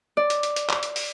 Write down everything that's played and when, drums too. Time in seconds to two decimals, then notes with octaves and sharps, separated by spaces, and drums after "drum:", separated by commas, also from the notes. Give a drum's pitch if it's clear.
0.17 D5
0.30 drum: hi-hat
0.43 drum: hi-hat
0.56 drum: hi-hat
0.70 drum: clap
0.83 drum: hi-hat
0.96 drum: open hi-hat